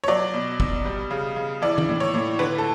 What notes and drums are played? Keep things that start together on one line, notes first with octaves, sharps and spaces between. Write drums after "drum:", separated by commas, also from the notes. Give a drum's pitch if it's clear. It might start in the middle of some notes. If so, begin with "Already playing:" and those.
C#5
F#3 D5
B2
B2, drum: kick G1
G3
C#3
C#3
E3 D5
drum: tom
A2
C#5
A2
D3 B4
A4